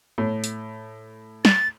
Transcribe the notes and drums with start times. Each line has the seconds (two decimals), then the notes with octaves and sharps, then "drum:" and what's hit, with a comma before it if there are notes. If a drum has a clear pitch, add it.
0.18 A2
0.44 drum: hi-hat
1.45 A6, drum: snare